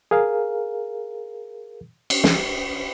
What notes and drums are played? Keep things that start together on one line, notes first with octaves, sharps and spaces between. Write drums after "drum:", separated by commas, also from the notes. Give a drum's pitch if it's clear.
G#4 A#4 F5
drum: cymbal
drum: snare